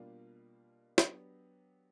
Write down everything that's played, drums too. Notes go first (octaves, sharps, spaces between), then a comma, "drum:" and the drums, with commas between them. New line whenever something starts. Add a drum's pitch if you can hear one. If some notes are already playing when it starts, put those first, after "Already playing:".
Already playing: B2 G3 A#3 D4 F4
F#3 B3 D4 G4, drum: snare